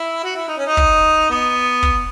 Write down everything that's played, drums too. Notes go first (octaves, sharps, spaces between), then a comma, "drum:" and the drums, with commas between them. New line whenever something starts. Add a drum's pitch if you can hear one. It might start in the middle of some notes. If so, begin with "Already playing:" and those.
Already playing: E4
F#4
E4
D#4
C#4
D#4
drum: kick
B3
drum: kick